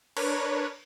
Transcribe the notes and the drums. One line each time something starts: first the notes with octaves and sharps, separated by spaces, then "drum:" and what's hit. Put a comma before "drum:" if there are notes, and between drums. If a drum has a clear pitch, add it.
D4 A#4 B4 C#5, drum: cymbal